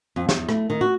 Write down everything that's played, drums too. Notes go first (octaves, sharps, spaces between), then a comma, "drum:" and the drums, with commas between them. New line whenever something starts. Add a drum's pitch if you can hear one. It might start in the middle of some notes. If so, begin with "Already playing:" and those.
F2
E2, drum: snare
A3, drum: rim click
D#3
F#4